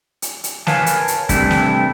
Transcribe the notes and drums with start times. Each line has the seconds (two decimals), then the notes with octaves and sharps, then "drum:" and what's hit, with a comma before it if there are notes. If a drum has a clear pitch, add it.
0.22 drum: hi-hat
0.44 drum: hi-hat
0.67 A#4 B4 C#5 F5 G#5 A5, drum: snare
0.86 drum: hi-hat
1.08 drum: hi-hat
1.29 C3 E3 G3 A3 D4 E4, drum: kick, hi-hat
1.51 drum: snare